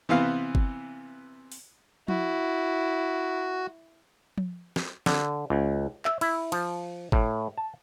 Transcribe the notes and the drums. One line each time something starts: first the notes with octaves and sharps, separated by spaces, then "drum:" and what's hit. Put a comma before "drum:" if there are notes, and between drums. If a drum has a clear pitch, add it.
C3 E3 B3 F5
drum: kick G1
drum: open hi-hat
E4 F#4, drum: tom F3
drum: tom F3
drum: snare
D3, drum: snare
C#2
E5, drum: clap
E4, drum: cymbal
F3, drum: cymbal
A2, drum: kick G1
A5